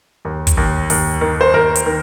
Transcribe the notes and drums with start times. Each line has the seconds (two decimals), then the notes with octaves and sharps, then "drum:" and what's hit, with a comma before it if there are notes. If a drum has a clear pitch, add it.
0.25 D#2
0.47 drum: kick, hi-hat
0.57 D#2
0.90 D#2, drum: open hi-hat
1.21 D#3
1.41 C5
1.53 D#2 A#4
1.75 drum: hi-hat
1.86 D#3